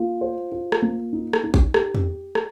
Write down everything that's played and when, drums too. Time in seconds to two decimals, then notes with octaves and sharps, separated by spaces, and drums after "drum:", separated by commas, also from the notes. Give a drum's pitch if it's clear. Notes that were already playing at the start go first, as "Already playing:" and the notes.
Already playing: A#3 F4
0.21 C5
0.52 F4
0.72 drum: rim click
0.82 A#3
1.13 D#4
1.33 drum: rim click
1.44 D#4
1.54 drum: kick A1
1.74 G4, drum: rim click
1.95 drum: tom E2
2.35 drum: rim click